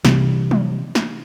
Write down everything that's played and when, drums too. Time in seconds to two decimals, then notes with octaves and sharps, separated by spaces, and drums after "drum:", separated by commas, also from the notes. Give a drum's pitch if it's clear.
0.05 C3 E3 G3, drum: snare
0.51 drum: tom
0.95 drum: snare